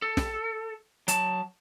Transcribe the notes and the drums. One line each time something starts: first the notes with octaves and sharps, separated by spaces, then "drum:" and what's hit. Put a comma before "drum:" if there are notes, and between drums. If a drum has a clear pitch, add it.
A4
drum: snare
F#3 A5, drum: hi-hat